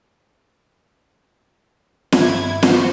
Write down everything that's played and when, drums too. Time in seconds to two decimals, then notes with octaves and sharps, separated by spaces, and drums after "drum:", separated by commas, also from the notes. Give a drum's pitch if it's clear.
2.12 G1 E4 G#6, drum: snare
2.63 B3 F4 F#4 C5, drum: snare